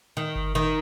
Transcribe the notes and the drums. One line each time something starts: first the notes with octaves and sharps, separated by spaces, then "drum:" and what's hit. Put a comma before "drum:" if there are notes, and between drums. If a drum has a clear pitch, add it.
D#3
drum: kick G1
D#3